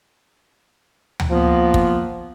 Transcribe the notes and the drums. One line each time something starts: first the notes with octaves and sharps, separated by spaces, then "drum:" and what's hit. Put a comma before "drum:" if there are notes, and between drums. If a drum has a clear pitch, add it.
drum: tom D2
F3 A#3 B3
drum: kick